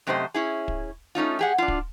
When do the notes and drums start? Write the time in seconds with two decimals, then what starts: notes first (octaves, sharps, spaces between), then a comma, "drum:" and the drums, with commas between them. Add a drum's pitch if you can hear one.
0.07 F#2 C3 A3 G4 C5 D#5
0.34 C#4 E4 G#4
0.68 drum: kick
1.15 A3 C#4 D#4 F4
1.39 G4 G#4 F#5
1.58 D4 F4
1.68 drum: kick